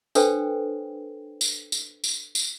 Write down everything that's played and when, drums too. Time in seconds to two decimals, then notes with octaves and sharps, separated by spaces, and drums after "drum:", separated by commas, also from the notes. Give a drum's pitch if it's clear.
0.15 D4 A4 B4 C5 G5, drum: tambourine
1.41 drum: tambourine
1.72 drum: tambourine
2.04 drum: tambourine
2.35 drum: tambourine